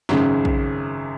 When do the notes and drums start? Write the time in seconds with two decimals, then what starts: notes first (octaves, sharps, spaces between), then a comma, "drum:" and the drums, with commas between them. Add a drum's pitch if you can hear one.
0.09 G#1 F#2 C#3, drum: snare
0.45 drum: kick A#1